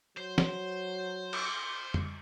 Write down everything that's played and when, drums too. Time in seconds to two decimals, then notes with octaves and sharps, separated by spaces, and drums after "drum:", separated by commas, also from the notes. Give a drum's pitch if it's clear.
0.17 F#3 C5
0.38 drum: snare
1.33 drum: cymbal
1.94 drum: tom F2